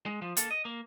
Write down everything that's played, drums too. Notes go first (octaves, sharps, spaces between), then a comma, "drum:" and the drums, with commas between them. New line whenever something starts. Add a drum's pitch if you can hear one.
G#3
F3
A#3 A4, drum: hi-hat
D#5
A#3